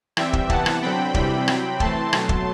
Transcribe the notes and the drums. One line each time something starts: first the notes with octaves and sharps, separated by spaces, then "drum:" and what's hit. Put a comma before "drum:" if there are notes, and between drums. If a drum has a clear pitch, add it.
E3 G3 C4 E5 G5, drum: rim click
drum: kick
C3 E3 B3 F#5 A5, drum: kick
drum: rim click
D3 F#3 C4 G5 B5
C3 E3 G3 C4 G5 B5, drum: kick
C3 F#3 C4, drum: rim click
E3 A3 C4 A5 C6, drum: kick
B2 F#3 A3, drum: rim click
drum: kick